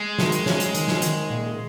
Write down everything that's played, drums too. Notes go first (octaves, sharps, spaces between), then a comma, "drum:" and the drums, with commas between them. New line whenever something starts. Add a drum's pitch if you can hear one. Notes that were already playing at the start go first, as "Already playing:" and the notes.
Already playing: G#3
D#3, drum: snare
drum: hi-hat
C#4, drum: snare
drum: hi-hat
D#3, drum: hi-hat
drum: snare
D#3, drum: hi-hat
A#2